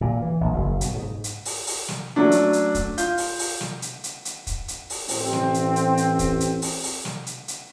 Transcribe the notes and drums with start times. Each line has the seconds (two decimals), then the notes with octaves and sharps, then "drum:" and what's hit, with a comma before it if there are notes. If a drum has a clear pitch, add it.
0.01 A#2
0.22 E3
0.41 A#1
0.54 F#1
0.81 B2, drum: hi-hat
0.94 G#2
1.24 drum: hi-hat
1.45 drum: open hi-hat
1.67 drum: open hi-hat
1.88 drum: snare
2.16 F#3 A3 C#4 D4
2.31 drum: hi-hat
2.53 drum: hi-hat
2.75 drum: kick, hi-hat
2.98 F4 F5 G6, drum: hi-hat
3.18 drum: open hi-hat
3.39 drum: open hi-hat
3.61 drum: snare
3.82 drum: hi-hat
4.04 drum: hi-hat
4.25 drum: hi-hat
4.47 drum: kick, hi-hat
4.68 drum: hi-hat
4.90 drum: open hi-hat
5.09 A1 C4, drum: open hi-hat
5.33 drum: snare
5.54 drum: hi-hat
5.76 drum: hi-hat
5.97 drum: hi-hat
6.19 drum: kick, hi-hat
6.40 drum: hi-hat
6.62 drum: open hi-hat
6.83 drum: open hi-hat
7.05 drum: snare
7.27 drum: hi-hat
7.48 drum: hi-hat